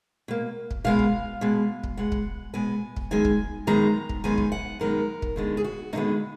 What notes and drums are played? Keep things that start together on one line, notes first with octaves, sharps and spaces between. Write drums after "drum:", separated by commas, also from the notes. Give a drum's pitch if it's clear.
B2 A#3
drum: kick
B2 G#3 B3 F5
drum: kick
B2 G#3 B3
drum: kick
B2 G#3 B3 F#5
drum: kick
B2 G#3 B3 G#5
drum: kick
F#2 D#3 G#3 B3 G#5
drum: kick
F#2 D#3 G#3 B3 A#5
drum: kick
F#2 D#3 G#3 B3 G#5
drum: kick
F#5
F#2 D#3 G#3 B3 A#4
drum: kick
D#2 D3 G#3 B3
G#4
F#4
D#2 D3 G#3 B3 D#4